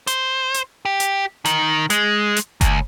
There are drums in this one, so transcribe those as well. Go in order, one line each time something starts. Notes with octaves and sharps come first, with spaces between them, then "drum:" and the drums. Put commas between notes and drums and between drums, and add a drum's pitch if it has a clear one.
C5, drum: hi-hat
drum: hi-hat
G4
drum: hi-hat
D#3, drum: hi-hat
G#3, drum: hi-hat
drum: hi-hat
C#2, drum: kick F#1, hi-hat